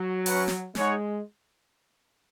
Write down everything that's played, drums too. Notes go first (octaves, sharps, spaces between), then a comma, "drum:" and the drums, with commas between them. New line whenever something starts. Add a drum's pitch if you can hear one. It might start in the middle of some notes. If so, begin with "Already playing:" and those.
Already playing: F#3
C#4 F#4 B4 F#5, drum: open hi-hat
drum: snare
G#3 D#4 G#4 C#5 F#5, drum: snare